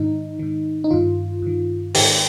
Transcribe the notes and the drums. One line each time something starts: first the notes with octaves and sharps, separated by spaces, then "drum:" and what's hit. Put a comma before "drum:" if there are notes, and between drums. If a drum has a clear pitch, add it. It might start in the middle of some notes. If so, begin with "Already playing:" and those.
Already playing: G#2 D#3 D#4
G#2 D#3
D#4
G2 D#3 F4
G2 D#3
G#2 D#3 G4, drum: open hi-hat